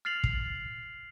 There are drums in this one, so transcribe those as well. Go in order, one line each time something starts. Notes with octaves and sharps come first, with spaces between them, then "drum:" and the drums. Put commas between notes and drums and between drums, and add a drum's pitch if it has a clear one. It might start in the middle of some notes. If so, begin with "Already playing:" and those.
F6 A6 C7 F7 F#7
drum: kick